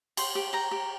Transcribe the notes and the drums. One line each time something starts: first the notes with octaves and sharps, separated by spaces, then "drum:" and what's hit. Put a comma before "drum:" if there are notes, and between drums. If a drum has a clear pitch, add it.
G4 C6, drum: cymbal
G4
G4 A#5
G4